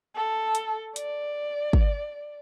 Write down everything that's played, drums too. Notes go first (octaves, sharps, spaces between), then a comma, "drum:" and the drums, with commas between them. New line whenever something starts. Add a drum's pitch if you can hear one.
A4
drum: hi-hat
D5, drum: hi-hat
drum: kick